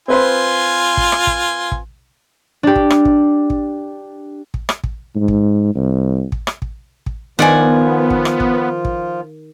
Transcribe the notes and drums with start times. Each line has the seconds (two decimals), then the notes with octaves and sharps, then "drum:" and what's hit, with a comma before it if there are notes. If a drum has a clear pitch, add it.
0.08 C4 F4 B4 C5 G#5 C6
0.97 drum: kick
1.12 drum: rim click
1.27 drum: kick
1.72 drum: kick
2.63 D4 G4
2.76 drum: kick
2.90 drum: rim click
3.05 drum: kick
3.50 drum: kick
4.54 drum: kick
4.69 drum: rim click
4.84 drum: kick
5.16 G#2
5.28 drum: kick
5.75 C2
6.32 drum: kick
6.47 drum: rim click
6.62 drum: kick
7.06 drum: kick
7.39 D#3 F3 B3 F4 D5 F#5 G#5
8.10 drum: kick
8.25 drum: rim click
8.40 drum: kick
8.85 drum: kick